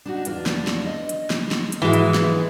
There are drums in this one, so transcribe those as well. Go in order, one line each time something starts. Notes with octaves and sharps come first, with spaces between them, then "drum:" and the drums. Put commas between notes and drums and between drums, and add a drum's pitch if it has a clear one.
D4 D#4 F#4
E2 D4 F4, drum: hi-hat
drum: snare
drum: snare
D#5
drum: hi-hat
drum: snare
drum: snare
drum: hi-hat
G#2 E3 F3 G#3 F#4
drum: hi-hat
drum: snare